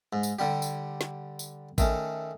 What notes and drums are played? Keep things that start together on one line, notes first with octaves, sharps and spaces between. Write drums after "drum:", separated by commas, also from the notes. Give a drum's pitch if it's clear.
G#2
drum: tambourine
D3 G3 G4
drum: tambourine
drum: snare
drum: tambourine
D#3 A3 C#4, drum: kick, tambourine